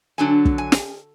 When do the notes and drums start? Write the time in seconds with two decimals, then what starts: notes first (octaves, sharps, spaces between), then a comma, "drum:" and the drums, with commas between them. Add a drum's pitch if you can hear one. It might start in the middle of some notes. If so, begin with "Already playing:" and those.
0.18 D3 F#3 D4 G#5
0.45 drum: kick
0.58 G#5
0.72 drum: snare